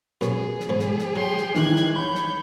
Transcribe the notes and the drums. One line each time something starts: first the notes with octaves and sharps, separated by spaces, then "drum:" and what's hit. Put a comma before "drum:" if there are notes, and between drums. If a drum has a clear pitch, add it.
F#2 B2 G#4, drum: snare
drum: snare
E2 G#2
drum: snare
drum: snare
F#3 G5 C6
drum: snare
D#3 E3 F#6 G#6, drum: snare
drum: snare
C#5 B5 G6
drum: snare